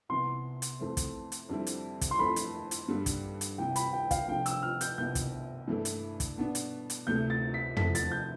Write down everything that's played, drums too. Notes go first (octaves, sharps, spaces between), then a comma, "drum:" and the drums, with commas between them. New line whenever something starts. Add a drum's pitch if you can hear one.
C2 C3 E3 B3 C6
drum: hi-hat
F2 E3 A3 C4
drum: kick, hi-hat
drum: hi-hat
F2 D3 G3 C4 E4
drum: hi-hat
drum: kick, hi-hat
C6
F2 E3 A3 B5
drum: hi-hat
drum: hi-hat
G2 D3 G3
drum: kick, hi-hat
drum: hi-hat
C2 C3 E3 G5
B5, drum: hi-hat
G5
F5, drum: kick, hi-hat
C3 F3 A3 D4 G5
E6, drum: hi-hat
F6
G6, drum: hi-hat
C2 B2 B3 E4 G6
drum: kick, hi-hat
G2 E3 A3 E4
drum: hi-hat
drum: kick, hi-hat
B2 B3 D4
drum: hi-hat
drum: hi-hat
D2 C3 E3 A3 G6
A6
B6
F2 C3 F3 A3 E4 B6, drum: tom
A6, drum: hi-hat
G6